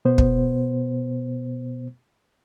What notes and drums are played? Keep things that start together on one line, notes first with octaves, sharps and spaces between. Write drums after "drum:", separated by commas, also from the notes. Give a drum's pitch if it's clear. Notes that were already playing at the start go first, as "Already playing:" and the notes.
B2 B3 C5
drum: kick